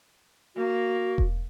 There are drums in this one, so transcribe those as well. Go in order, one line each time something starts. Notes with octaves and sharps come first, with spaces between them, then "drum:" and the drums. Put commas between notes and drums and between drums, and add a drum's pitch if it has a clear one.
A#3 F#4
drum: kick E1